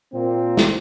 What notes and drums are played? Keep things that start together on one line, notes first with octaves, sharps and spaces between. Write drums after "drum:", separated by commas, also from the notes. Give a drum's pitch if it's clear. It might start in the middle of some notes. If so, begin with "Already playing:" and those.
A#2 A#3 C4
drum: snare